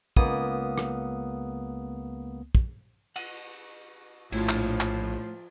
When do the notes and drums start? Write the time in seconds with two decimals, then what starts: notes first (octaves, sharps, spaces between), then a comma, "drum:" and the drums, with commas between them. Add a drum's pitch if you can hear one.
0.17 C#2 A#3 B3 D#6, drum: kick
0.78 drum: rim click
2.55 drum: kick
3.16 F#5, drum: cymbal
4.32 A#1 A2 F3 A3 E4, drum: cymbal
4.49 drum: clap
4.80 drum: clap